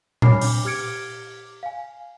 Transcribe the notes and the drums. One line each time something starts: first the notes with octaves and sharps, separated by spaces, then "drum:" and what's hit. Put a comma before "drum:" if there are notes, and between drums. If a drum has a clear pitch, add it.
C#5 G#5 B5 D6 F6 C7, drum: tom A#2
D4 D6, drum: open hi-hat
G4 D6 F6 G#6 C#7 D7
F5 G#5